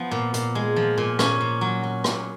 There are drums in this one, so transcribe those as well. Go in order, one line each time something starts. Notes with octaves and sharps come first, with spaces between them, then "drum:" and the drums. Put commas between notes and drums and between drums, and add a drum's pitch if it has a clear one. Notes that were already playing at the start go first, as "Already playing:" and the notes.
Already playing: F3 B3
A#2
A#2, drum: hi-hat
G#3
F3
A#2
A#2 C#4, drum: rim click
A#2
F#3
F#3
A#2, drum: rim click